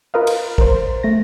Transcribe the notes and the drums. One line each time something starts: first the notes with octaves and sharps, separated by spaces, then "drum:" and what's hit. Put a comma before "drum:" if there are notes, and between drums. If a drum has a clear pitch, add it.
F4 A#4 B4 D#5 F5
drum: cymbal
A#4 C5, drum: kick
A3 A#6